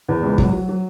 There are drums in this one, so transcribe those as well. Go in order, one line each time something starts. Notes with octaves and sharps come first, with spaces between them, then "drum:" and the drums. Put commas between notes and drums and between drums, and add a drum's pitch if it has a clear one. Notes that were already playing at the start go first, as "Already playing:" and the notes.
E2
C#2
F#3, drum: kick
F#3
F#3